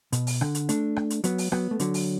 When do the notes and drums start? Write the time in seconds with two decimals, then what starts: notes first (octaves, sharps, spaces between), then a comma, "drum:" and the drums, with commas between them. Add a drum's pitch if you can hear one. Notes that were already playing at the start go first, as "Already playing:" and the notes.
0.12 B2, drum: hi-hat
0.27 drum: open hi-hat
0.41 D3, drum: rim click
0.55 drum: hi-hat
0.69 A3 D4, drum: hi-hat
0.96 drum: rim click
1.10 drum: hi-hat
1.24 F#3 B3, drum: hi-hat
1.38 drum: open hi-hat
1.52 F#3 B3, drum: rim click
1.71 A3
1.79 D3 F#3, drum: hi-hat
1.94 drum: open hi-hat